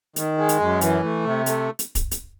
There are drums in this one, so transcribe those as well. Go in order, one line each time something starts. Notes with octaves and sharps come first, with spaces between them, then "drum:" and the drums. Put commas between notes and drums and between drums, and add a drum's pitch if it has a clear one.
D#3, drum: hi-hat
G#3
drum: hi-hat
F#2
E3, drum: hi-hat
A3
C3
A3, drum: hi-hat
drum: hi-hat
drum: kick, hi-hat
drum: hi-hat